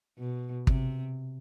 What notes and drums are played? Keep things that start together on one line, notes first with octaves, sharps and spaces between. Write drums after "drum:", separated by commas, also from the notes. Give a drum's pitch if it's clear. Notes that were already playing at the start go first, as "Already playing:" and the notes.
B2
C3, drum: kick